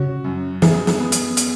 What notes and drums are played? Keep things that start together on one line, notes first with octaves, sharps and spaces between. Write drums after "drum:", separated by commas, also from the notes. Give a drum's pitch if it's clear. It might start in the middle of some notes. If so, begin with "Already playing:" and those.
Already playing: C#3 F#4
F#2
E3 G#4, drum: snare
drum: snare
B3
drum: hi-hat
drum: hi-hat